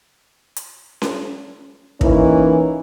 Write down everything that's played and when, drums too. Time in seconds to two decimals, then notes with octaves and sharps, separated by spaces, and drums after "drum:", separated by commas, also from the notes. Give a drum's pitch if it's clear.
0.56 drum: hi-hat
1.02 drum: snare C#4
2.01 E3 A#3 C#4 D#4 E4, drum: kick